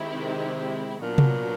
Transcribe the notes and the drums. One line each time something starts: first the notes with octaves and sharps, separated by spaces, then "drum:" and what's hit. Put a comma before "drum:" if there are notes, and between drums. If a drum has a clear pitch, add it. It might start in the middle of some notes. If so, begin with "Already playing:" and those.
Already playing: D#3 G#3 C4 E4 G4
C3
A#2 F#3 B3 D4 F#4
drum: tom C3